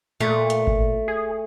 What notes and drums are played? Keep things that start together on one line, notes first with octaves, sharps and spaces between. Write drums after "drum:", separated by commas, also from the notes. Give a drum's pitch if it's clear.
A#2 A3
drum: hi-hat
drum: kick G#1
G#4